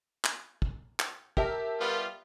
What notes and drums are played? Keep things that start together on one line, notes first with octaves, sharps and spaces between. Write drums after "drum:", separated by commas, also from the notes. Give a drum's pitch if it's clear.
drum: clap
drum: kick
drum: clap
G4 A#4 E5 A5, drum: kick
G3 B3 F4